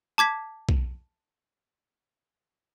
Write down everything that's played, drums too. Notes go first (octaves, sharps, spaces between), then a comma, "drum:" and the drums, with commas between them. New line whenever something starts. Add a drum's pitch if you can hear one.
A5 D6 G#6 B6
drum: kick